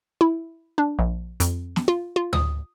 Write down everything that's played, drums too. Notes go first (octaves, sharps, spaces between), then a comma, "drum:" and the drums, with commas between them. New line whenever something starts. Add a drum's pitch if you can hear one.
E4
D4
A#1
F2, drum: hi-hat
drum: snare
F4
F4
D#6, drum: tom D2